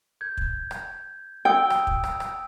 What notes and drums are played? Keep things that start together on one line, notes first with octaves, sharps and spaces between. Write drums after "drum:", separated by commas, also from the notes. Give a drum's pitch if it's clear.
G6 G#6
drum: kick
drum: rim click
G5 D#6 E6 D7
drum: rim click
drum: kick
drum: rim click
drum: rim click